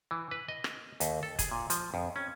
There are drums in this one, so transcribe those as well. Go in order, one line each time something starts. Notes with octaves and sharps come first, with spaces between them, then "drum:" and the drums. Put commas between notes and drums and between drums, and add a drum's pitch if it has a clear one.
E3
B4
D#5
drum: rim click
D#2, drum: hi-hat
A4
G#4, drum: kick, hi-hat
A#2
F3, drum: hi-hat
F2
C#4